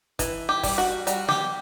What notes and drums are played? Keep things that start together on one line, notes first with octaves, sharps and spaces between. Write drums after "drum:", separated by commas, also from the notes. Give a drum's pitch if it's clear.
E3, drum: kick, hi-hat
G4
G3, drum: kick, open hi-hat
F#4
G3 F#4, drum: hi-hat
G4, drum: snare